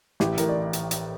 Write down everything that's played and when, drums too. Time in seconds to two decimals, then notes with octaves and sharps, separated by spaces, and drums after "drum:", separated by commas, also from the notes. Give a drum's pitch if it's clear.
0.20 A1 G4, drum: snare
0.38 A2 A#4, drum: hi-hat
0.49 D5
0.73 drum: hi-hat
0.91 drum: hi-hat